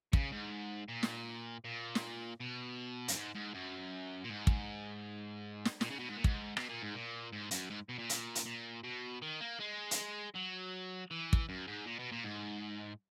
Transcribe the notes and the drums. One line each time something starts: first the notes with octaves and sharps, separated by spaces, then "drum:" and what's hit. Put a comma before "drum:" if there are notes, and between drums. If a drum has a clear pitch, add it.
C#3, drum: kick
G#2
A#2
drum: snare
A#2
drum: snare
B2
F#2, drum: hi-hat
G#2
G#2
F#2
A#2
G#2
drum: kick
drum: snare
A#2, drum: snare
C#3
B2
G#2
A#2
G#2, drum: kick
B2, drum: rim click
A#2
G#2
A#2
G#2
F#2, drum: hi-hat
G#2
B2
A#2
drum: hi-hat
drum: hi-hat
A#2
B2
D#3
A#3
G#3
drum: hi-hat
F#3
E3
drum: kick
F#2
G#2
A#2
B2
A#2
G#2